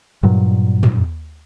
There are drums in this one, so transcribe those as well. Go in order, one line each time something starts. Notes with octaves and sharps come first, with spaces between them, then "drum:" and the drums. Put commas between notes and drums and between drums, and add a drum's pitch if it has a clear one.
G2 A#2 F#3
drum: tom